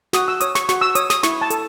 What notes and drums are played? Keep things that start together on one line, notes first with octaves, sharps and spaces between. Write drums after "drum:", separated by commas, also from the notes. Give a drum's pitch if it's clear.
F#4 D#6, drum: snare
E6
C#5 D#6, drum: hi-hat
C#6, drum: snare
F#4 C#6, drum: snare
E6
C#5 D#6, drum: hi-hat
D#6, drum: snare
E4 C#6, drum: snare
A5
A4, drum: hi-hat